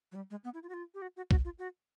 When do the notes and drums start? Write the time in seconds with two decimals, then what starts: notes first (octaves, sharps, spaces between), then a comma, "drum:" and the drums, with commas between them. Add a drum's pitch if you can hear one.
0.12 F#3
0.15 G3
0.31 G#3
0.44 B3
0.54 E4
0.63 F4
0.69 F#4
0.74 F4
0.95 G4
1.02 F#4
1.17 F#4
1.31 F#4, drum: kick
1.45 F4
1.59 F#4